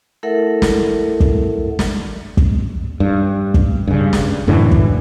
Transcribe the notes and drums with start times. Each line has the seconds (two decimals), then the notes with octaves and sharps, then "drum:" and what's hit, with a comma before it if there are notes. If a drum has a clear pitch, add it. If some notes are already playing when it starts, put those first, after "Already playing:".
0.23 A3 E4 A4 A#4 E5 F#5
0.62 drum: snare
1.20 drum: kick
1.79 drum: snare
2.37 drum: kick
3.00 G2
3.54 drum: kick
3.88 G2 C#3
4.13 drum: snare
4.47 F#2 A2 D3 E3
4.71 drum: kick